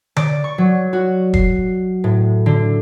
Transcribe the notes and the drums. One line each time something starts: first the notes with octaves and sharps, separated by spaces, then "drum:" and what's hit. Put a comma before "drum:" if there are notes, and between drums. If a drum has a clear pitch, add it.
D5, drum: tom D3
C#6
F#3
F#4
C7, drum: kick
A2
D3